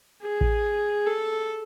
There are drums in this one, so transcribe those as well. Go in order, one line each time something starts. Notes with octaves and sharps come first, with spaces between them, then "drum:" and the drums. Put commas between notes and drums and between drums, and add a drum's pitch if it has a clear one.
G#4
drum: kick A1
A4